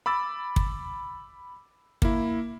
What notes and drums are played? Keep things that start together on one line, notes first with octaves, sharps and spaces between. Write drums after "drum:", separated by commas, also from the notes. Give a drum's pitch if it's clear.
B5 D6 E6 A6
drum: kick
A#3 E4, drum: kick